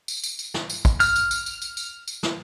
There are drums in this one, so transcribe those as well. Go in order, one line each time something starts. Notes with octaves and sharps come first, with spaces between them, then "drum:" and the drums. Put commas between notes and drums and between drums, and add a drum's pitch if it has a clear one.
drum: tambourine
drum: tambourine
drum: tambourine
drum: snare
drum: tambourine
drum: kick, tambourine
F6, drum: tambourine
drum: tambourine
drum: tambourine
drum: tambourine
drum: tambourine
drum: tambourine
drum: tambourine
drum: snare